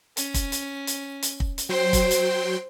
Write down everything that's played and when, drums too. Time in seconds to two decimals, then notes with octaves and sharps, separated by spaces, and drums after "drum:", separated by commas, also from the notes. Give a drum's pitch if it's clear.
0.17 C#4, drum: hi-hat
0.34 drum: kick, hi-hat
0.52 drum: hi-hat
0.87 drum: hi-hat
1.22 drum: hi-hat
1.40 drum: kick
1.58 drum: hi-hat
1.69 F#3 C5 G5 C6
1.93 drum: kick, hi-hat
2.11 drum: hi-hat